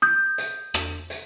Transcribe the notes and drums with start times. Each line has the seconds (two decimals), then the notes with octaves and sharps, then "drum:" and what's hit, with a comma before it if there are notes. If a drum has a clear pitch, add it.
0.02 D#6 G6
0.38 drum: hi-hat
0.74 drum: rim click
1.10 drum: hi-hat